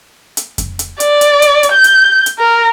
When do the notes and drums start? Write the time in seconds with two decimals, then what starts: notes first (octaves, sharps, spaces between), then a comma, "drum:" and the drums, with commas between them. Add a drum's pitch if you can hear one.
0.37 drum: hi-hat
0.58 drum: kick F2, hi-hat
0.79 drum: hi-hat
1.00 D5, drum: hi-hat
1.21 drum: hi-hat
1.42 drum: hi-hat
1.63 drum: hi-hat
1.72 G6
1.84 drum: hi-hat
2.26 drum: hi-hat
2.39 A#4